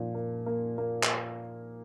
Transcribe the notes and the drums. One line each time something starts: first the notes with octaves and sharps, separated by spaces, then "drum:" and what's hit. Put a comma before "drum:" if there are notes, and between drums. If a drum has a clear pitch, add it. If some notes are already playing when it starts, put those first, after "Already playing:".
Already playing: A#2 F3
A#3
A#3
A#3
drum: clap